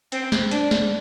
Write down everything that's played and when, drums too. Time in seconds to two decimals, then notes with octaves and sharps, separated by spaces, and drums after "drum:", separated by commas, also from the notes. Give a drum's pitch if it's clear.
0.12 C4, drum: hi-hat
0.32 drum: snare
0.51 D4, drum: hi-hat
0.71 drum: snare